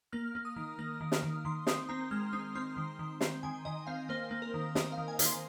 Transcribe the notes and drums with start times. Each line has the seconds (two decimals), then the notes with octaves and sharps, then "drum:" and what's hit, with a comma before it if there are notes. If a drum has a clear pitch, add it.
0.13 A#3 F6
0.35 A#3
0.45 D#6
0.56 D#3
0.79 A#3 F6
1.01 D#3
1.12 D#6, drum: snare
1.23 D#3
1.45 D#3 C6
1.67 C4 D#6, drum: snare
1.89 C4 A#5
2.11 G#3 F6
2.32 C4 D#6
2.55 C4 C6
2.77 D#3
2.99 D#3
3.21 C4, drum: snare
3.43 D#3 G#5
3.65 D#3 D#5
3.87 C4 F5
4.09 A#3 C5
4.31 A#3
4.42 A#4
4.54 D#3
4.75 D#3 D#5, drum: snare
4.92 F5
4.98 D#3
5.08 G#5
5.19 D#3, drum: hi-hat
5.26 C6